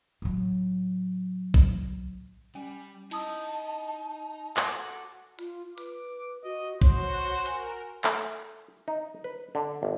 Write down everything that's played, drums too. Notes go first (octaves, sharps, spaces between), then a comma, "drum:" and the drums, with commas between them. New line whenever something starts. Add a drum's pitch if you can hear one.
A2 F#3
drum: kick A#1
G3 C#4 G#5
D#4 E4 A5 D#6 E6, drum: cymbal
F#4 A4 D6, drum: clap
F4, drum: hi-hat
B4 D6, drum: hi-hat
F#4 D#5
F#4 C5 C#5, drum: kick A#1
A#4 G#5, drum: hi-hat
A3, drum: clap
D#4
B4
D3
G1